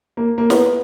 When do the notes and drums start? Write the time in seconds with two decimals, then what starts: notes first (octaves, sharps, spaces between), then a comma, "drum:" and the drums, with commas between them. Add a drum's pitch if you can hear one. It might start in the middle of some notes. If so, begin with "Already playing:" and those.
0.17 A#3
0.38 A#3
0.50 B3, drum: snare